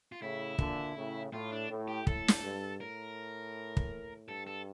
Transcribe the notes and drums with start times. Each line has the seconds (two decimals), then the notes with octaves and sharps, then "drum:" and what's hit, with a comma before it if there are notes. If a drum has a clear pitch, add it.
0.12 F4
0.22 A2 C#3 E4
0.59 A#2 D3, drum: kick
0.96 A2 C#3
1.33 A2 F4
1.52 D4
1.70 A2
1.88 G4
2.07 A2 A4, drum: kick
2.28 drum: snare
2.43 G2
2.81 A2 A#4
3.77 drum: kick
4.28 G2 A4
4.47 A4